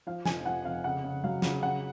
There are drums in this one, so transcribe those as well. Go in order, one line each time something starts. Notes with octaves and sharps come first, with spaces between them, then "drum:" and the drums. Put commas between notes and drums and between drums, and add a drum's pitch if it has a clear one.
F3 F5
F1 G#5, drum: snare
F3 F#5
F1 F5
C#3 F#5
C#3
F#3 F5
C#3, drum: snare
C#3 F#5